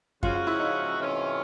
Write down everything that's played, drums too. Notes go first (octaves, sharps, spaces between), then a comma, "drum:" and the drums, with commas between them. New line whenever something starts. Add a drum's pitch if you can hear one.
C#3 F3 G#3 C#4 F4 F#4, drum: kick F#2
F4
E4
D#4
C3 E3 A3 C#4 F4